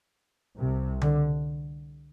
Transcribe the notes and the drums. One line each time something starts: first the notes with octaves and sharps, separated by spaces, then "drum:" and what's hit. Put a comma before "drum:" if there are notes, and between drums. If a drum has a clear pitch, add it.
C2 C3
D3, drum: tom C#3